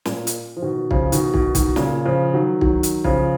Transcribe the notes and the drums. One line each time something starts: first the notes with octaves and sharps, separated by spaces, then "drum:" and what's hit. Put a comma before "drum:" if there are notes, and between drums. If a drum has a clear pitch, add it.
A#2, drum: snare
drum: hi-hat
F3
B2 D#3
C#3 F3, drum: kick
B2 D#3, drum: hi-hat
B2 D#3, drum: kick
B2 D#3, drum: kick, hi-hat
A#2 C#3, drum: snare
C#3 F3
D#3 F#3
D#3 F#3, drum: kick
drum: hi-hat
C#3 F3, drum: kick